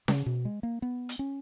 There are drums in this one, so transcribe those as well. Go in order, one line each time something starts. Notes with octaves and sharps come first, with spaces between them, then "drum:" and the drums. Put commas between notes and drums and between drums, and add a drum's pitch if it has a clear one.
C#3, drum: snare C#4
B2
G#3
A#3
B3
drum: hi-hat
C#4